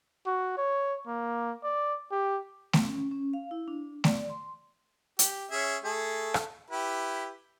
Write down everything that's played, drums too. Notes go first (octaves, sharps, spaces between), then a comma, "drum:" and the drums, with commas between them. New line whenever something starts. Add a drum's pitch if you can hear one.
F#4
C#5
A#3
D5
G4
drum: snare A3
C#4
C#4
F5
E4
D4
D5, drum: snare A3
C6
G4, drum: hi-hat
C#4 G#4 E5
A3 G#4 A4
drum: rim click
E4 G4 B4